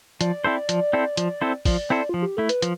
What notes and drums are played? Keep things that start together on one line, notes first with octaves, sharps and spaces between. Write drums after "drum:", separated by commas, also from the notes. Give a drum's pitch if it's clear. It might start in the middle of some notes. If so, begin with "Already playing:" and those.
F3 D5, drum: hi-hat
C4 E4 A4 C5
F3, drum: hi-hat
C4 E4 A4 C5
F3, drum: hi-hat
C4 E4 A4 C5
F3 D5, drum: kick, open hi-hat
C4 E4 A4 C5
F3 F4
G4
A3 E4 A4
B4, drum: hi-hat
F3, drum: hi-hat